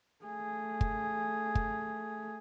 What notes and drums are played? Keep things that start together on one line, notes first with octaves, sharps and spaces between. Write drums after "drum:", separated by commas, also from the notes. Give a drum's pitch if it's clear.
A3 G#4
drum: kick
drum: kick